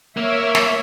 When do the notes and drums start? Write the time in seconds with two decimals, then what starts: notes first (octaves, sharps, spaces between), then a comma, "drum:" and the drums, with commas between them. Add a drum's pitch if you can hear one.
0.17 A#3 C#5 E5
0.55 drum: snare